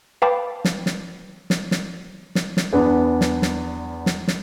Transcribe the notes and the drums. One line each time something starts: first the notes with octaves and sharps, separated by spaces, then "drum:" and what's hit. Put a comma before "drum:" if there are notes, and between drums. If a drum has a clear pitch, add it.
B4 F5 G5 A5 B5 D6
drum: snare
drum: snare
drum: snare
drum: snare
drum: snare
drum: snare
E2 B3 D4
drum: snare
drum: snare
drum: snare
drum: snare